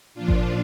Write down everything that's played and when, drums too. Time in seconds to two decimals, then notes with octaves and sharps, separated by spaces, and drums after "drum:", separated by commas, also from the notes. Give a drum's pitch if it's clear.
0.14 A#2 F3 D4 F4
0.28 drum: kick G#1